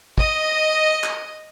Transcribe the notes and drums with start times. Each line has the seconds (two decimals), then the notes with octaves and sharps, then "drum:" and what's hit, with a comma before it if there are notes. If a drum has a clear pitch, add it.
0.18 D#5, drum: kick
1.04 drum: clap